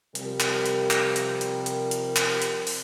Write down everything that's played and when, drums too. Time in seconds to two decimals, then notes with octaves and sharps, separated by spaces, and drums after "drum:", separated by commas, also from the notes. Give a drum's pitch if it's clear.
0.15 C3 F3 G3 A#4, drum: hi-hat
0.40 drum: clap
0.66 drum: hi-hat
0.91 drum: clap
1.16 drum: hi-hat
1.41 drum: hi-hat
1.66 drum: hi-hat
1.91 drum: hi-hat
2.16 drum: clap
2.42 drum: hi-hat
2.67 drum: open hi-hat